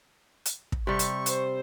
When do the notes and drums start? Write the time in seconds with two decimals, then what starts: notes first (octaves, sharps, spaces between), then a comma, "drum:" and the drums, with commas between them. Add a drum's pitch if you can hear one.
0.45 drum: hi-hat
0.72 drum: kick
0.87 C3 G3 C#6
0.99 drum: hi-hat
1.26 C5, drum: hi-hat